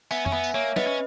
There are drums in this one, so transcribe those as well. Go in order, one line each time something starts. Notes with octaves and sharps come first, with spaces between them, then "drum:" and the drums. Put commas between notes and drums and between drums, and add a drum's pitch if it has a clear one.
B3 E5 G#5, drum: tambourine
C#4, drum: tom F2
B3 E5 G#5
drum: tambourine
A#3 C#5 E5
B3 B4 D#5, drum: snare
C#4